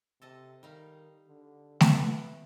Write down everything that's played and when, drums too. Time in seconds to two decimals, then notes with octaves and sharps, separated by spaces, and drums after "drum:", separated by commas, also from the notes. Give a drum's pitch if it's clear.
0.22 C3 A4 D#5 A5
0.63 D#3 G3 D#4 F5
1.28 D3
1.81 E3 B3 B4 F#5, drum: snare A3